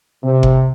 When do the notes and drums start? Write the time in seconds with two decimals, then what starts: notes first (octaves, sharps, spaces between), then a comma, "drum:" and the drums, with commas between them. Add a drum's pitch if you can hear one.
0.24 C3
0.43 drum: kick F#1